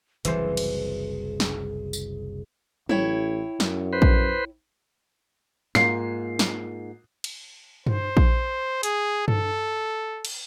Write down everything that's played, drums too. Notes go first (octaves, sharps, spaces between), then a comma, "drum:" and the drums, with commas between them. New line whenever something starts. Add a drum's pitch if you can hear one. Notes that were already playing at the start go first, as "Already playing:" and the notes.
F#1 C2 E3 G#4 C5, drum: hi-hat
drum: cymbal
drum: snare
drum: tambourine
A1 E4 C#5 G5, drum: tom F#3
F#2, drum: snare
B4 C5
drum: kick A#1
G#2 A#3 F4 C7, drum: snare
drum: snare
drum: cymbal
C5, drum: tom G2
drum: kick A#1
G#4, drum: hi-hat
A4, drum: tom G2
drum: cymbal